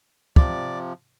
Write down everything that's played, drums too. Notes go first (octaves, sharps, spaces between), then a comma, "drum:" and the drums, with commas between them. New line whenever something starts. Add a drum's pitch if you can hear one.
C3 F3 D5, drum: kick